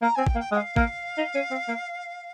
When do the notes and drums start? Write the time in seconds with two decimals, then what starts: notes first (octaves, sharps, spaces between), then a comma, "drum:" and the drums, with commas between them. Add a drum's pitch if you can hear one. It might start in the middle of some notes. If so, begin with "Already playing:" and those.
0.02 A#3 A#5
0.15 C4 G#5
0.27 G5, drum: kick
0.35 A#3
0.39 G5
0.52 G#3 G5
0.56 F5
0.76 A#3, drum: kick
1.18 D#4
1.35 C#4
1.51 C4
1.68 A#3